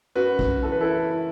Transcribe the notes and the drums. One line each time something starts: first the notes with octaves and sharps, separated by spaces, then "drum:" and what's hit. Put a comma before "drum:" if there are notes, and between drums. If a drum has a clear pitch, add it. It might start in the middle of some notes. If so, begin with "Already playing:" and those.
F#2 F#4 B4
drum: kick
E3 A4
B4
E4 A4
E4